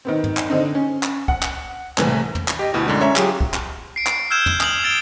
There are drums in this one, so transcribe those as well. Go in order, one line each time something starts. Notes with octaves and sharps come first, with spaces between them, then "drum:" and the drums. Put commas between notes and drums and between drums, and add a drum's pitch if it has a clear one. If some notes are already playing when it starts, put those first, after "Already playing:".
D#3 B3 C4
drum: tom G#2
drum: clap
D3 C4 D#4
C#4
drum: clap
F#5, drum: kick
drum: clap
C2 A2 E3 A3, drum: clap
drum: tom
drum: clap
G4 D#5
D2 B2 E4
F#2 D3 G#3
C#4 C#5 E5 A#5
F#3 F4 G4 G#4, drum: clap
drum: kick
drum: clap
C7 D7
drum: clap
E6 F6 G6 G#6 E7
drum: tom
D#6 F#7, drum: clap
E6 A6 D7 G7